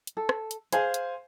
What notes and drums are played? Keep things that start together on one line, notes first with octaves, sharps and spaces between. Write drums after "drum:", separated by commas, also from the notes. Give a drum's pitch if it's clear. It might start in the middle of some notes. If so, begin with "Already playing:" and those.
drum: hi-hat
A4
drum: rim click
drum: hi-hat
G#4 C5 F5 G#5, drum: hi-hat
drum: hi-hat